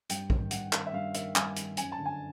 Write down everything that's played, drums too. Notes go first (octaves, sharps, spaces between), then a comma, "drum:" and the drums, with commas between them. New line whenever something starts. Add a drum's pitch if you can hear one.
G2 G5, drum: hi-hat
D#3, drum: kick
G2 F#5, drum: hi-hat
D#3, drum: clap
E5
G2 F5
D#3 E5, drum: hi-hat
G2 G#5, drum: clap
D#3, drum: hi-hat
F#2 G#5, drum: hi-hat
A5
D3
G#5